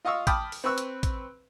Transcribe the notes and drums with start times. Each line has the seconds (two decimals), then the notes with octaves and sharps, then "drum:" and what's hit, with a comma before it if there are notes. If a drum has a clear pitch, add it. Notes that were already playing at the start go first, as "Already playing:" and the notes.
0.05 F4 D#5 F5 C#6 E6
0.27 G5 A5 B5 D6 D#6 F6, drum: kick, hi-hat
0.52 drum: open hi-hat
0.64 C4 B4 C#6 E6 F#6
0.78 drum: hi-hat
1.03 drum: kick, hi-hat